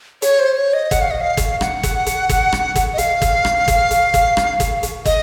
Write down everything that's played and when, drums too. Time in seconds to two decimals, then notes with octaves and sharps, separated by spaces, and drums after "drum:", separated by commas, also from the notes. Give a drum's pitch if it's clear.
0.22 C#5, drum: hi-hat
0.39 C5
0.57 C#5
0.74 D#5
0.91 F#5, drum: kick, hi-hat
1.01 F5
1.11 D#5
1.21 F5
1.37 drum: kick, hi-hat
1.61 F#5, drum: rim click
1.83 drum: kick, hi-hat
2.06 drum: hi-hat
2.29 drum: kick, hi-hat
2.52 drum: rim click
2.75 drum: kick, hi-hat
2.93 D#5
2.98 F5, drum: hi-hat
3.22 drum: kick, hi-hat
3.45 drum: rim click
3.68 drum: kick, hi-hat
3.91 drum: hi-hat
4.14 drum: kick, hi-hat
4.37 drum: rim click
4.60 drum: kick, hi-hat
4.83 drum: hi-hat
5.05 D#5, drum: kick, hi-hat